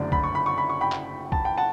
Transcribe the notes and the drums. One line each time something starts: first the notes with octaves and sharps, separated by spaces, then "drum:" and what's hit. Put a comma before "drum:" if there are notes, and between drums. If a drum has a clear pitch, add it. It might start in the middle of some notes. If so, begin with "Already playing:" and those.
Already playing: F#1 F#2 D3 A3 D5
B5, drum: kick
C#6
B5
C#6
B5
C#6
G5 B5
drum: clap
A5, drum: kick
G5
F#5 A5